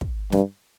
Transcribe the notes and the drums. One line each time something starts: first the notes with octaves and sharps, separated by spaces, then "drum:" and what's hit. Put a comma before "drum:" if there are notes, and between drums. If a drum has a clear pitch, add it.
drum: kick
G2, drum: snare